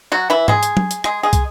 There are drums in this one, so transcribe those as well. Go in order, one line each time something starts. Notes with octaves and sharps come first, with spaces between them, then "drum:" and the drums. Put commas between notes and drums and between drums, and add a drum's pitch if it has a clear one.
F#3 F#4
E3 E4
G#3 G#4, drum: tom G#2
drum: hi-hat
drum: tom
drum: hi-hat
G#3 G#4, drum: rim click
G#3 G#4
drum: kick, hi-hat